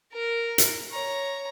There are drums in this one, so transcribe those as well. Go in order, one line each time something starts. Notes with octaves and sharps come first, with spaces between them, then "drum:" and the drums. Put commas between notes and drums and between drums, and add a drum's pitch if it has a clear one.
A#4 A#5
drum: hi-hat
C#5 A#5